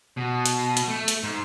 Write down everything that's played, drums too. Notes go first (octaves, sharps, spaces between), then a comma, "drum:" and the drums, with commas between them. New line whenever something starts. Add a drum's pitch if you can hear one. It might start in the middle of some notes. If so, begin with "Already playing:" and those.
B2
drum: hi-hat
drum: hi-hat
A3
drum: hi-hat
G#2